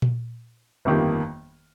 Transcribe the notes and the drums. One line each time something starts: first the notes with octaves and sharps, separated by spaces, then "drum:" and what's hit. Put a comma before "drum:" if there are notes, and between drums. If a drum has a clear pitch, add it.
drum: tom A#2
G1 F2 D#3 A#3 G4